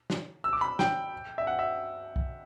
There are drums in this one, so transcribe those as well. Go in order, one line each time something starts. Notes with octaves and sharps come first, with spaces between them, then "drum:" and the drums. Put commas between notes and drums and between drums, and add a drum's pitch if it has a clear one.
drum: snare
E6
D6
B5
G5, drum: snare
E5
F#5
E5
drum: kick B1